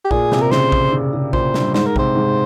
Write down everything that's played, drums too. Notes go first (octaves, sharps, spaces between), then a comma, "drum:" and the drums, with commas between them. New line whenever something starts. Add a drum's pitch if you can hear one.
G4
A#2 G#4, drum: kick A#1
C3, drum: snare
A#4
C#3 C5, drum: snare
drum: kick A#1
C#3
C#3
A#2 C5, drum: kick A#1
G2, drum: snare
G#2 C5, drum: snare
A#4
C3 C5, drum: kick A#1
G#2